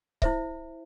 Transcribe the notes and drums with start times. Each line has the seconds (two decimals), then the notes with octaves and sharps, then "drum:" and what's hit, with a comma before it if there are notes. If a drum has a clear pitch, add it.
0.22 E4 C5 E5, drum: kick C#1